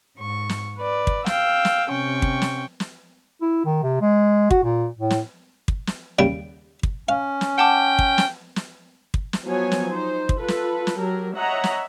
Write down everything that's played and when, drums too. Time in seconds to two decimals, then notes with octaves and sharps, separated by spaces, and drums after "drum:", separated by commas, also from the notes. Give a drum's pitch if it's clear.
0.17 G#2 C#6
0.49 drum: snare
0.78 B4 D5
1.07 drum: kick
1.26 F5 G5 E6, drum: snare
1.65 drum: snare
1.88 C3 C#4 G5 C#6
2.22 drum: kick
2.42 drum: snare
2.80 drum: snare
3.42 E4
3.65 D#3
3.83 C3
4.01 G#3
4.51 F#4, drum: kick
4.64 A#2
4.99 A2
5.10 drum: snare
5.68 drum: kick
5.87 drum: snare
6.19 D#2 C#3 G3 D7
6.83 drum: kick
7.09 C#4 F5
7.41 drum: snare
7.58 F#5 G5 A5 D6
7.99 drum: kick
8.18 drum: snare
8.56 drum: snare
9.14 drum: kick
9.33 drum: snare
9.45 F3 F#3 B3 C#5 G#5
9.72 drum: snare
9.90 D#4 C5
10.29 drum: kick
10.38 F4 A4 B4
10.48 drum: snare
10.87 drum: snare
10.98 F#3 G4 A#4
11.36 C#5 D#5 E5 F#5 A#5
11.64 drum: snare